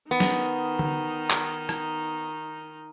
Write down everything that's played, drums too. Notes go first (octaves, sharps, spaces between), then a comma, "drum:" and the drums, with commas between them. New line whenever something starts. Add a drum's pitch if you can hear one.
D#3 B3 D#4
drum: snare
drum: tom D3
drum: clap
drum: rim click